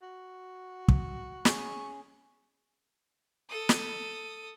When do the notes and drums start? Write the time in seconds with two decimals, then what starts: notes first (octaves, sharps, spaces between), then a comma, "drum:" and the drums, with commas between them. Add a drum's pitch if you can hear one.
0.02 F#4
0.88 drum: kick
1.45 C#4 G#4 C#6, drum: snare
3.50 A4 D#6
3.69 drum: snare